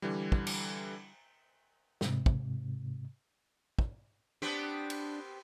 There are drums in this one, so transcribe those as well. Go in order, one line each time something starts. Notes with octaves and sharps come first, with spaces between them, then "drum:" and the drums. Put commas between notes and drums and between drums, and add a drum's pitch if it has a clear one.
D3 E3 G3
drum: kick
drum: cymbal
G#2 C3, drum: snare
drum: kick
drum: kick
B3 C4 D4 G4
drum: cymbal